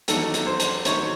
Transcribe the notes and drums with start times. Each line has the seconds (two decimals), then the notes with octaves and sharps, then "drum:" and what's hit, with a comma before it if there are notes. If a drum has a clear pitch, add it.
0.08 E2 D#3 F#3 A4, drum: hi-hat
0.34 drum: hi-hat
0.47 C5
0.60 drum: hi-hat
0.85 E2 D#3 F#3 C#5, drum: hi-hat